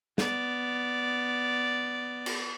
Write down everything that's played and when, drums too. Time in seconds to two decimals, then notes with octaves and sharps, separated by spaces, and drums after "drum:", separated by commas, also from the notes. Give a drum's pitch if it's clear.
0.18 B3 D5, drum: snare
2.26 drum: cymbal